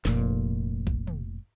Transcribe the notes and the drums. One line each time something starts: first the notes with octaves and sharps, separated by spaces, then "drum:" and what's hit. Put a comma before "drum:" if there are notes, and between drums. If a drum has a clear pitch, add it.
F1 A#2, drum: snare
drum: kick A#1
drum: tom